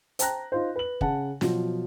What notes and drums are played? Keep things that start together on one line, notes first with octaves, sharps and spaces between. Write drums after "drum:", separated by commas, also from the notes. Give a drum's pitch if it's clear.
C5 G5 A5 A#5 F#6 A#6, drum: hi-hat
D#4 F4 C5
B4 F#7
C#3 F#5 A5, drum: kick
B2 F3 F#3, drum: snare